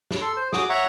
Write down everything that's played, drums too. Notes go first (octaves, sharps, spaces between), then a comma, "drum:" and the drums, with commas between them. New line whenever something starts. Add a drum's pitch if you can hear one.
drum: snare
A4 C6
C5
F#4 G#4 D6 D#6, drum: snare
C#5 E5 F#5 A#5 C#6